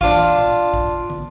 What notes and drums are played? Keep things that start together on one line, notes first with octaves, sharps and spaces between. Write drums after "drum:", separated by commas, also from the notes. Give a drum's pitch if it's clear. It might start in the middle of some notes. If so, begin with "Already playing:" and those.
D4 F4, drum: kick
drum: tom
drum: kick
drum: tom